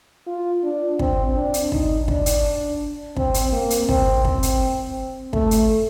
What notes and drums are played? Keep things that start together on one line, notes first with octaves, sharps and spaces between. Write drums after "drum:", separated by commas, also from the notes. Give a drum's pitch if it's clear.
F4
D4
C4, drum: kick
D4
drum: hi-hat
D#4, drum: kick
D4, drum: kick
drum: hi-hat
C4, drum: kick
drum: hi-hat
A#3
drum: hi-hat
C4, drum: kick
drum: kick
drum: hi-hat
A3, drum: kick
drum: hi-hat